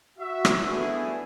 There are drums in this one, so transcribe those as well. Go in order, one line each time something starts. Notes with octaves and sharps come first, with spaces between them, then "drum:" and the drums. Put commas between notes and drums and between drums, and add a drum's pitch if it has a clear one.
F#4 E5
drum: rim click
A3 B3 D4 E4 G#4